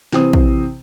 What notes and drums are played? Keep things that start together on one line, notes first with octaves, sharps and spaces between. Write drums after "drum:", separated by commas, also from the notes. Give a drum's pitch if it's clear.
C3 E3 C4 C5 D#6, drum: snare
drum: kick